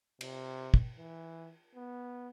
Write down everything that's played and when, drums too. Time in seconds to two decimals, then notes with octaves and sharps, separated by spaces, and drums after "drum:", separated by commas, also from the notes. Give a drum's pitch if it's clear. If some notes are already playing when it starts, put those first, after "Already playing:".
0.21 C3, drum: cymbal
0.74 drum: kick
0.97 E3
1.75 B3